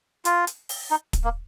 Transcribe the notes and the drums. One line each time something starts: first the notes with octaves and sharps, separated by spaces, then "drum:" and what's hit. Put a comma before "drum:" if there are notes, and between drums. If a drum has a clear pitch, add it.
F4, drum: hi-hat
drum: hi-hat
drum: open hi-hat
D#4
drum: kick, hi-hat
A#3